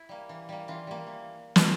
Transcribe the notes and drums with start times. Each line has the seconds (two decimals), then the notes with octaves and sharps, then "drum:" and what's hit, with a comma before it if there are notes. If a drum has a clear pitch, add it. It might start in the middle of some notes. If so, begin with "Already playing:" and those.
Already playing: E4
0.09 G3 A#3
0.29 E3
0.49 G3 A#3
0.68 E3 F4
0.87 G3 A#3
1.07 E3
1.56 drum: snare